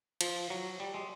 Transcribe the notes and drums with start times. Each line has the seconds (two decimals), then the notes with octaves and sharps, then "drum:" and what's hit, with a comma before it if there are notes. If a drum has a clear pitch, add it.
0.21 F3, drum: cymbal
0.50 F#3
0.80 G3
0.94 G#3